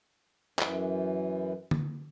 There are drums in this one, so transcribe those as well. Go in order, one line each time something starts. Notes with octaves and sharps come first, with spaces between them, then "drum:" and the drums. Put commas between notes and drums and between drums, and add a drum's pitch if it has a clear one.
F#2 E3, drum: clap
drum: tom D3